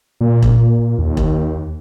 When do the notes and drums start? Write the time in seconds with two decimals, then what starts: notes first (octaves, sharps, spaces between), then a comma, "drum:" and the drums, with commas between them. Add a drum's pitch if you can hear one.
0.21 A#2
0.42 drum: kick E1
0.98 D#2
1.17 drum: kick E1